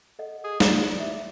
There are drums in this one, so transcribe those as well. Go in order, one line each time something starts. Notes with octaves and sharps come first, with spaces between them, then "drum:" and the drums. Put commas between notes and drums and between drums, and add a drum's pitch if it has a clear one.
A4 D#5 F#5
G#4
D5, drum: snare
E4 G4
E5